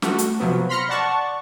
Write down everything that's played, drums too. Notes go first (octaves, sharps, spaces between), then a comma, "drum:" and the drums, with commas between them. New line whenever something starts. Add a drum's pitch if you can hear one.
A3 F#4, drum: snare
drum: hi-hat
C3 F3 F#3 B3
B5 C6 F6 A#6 C#7
D5 F#5 A5 C#6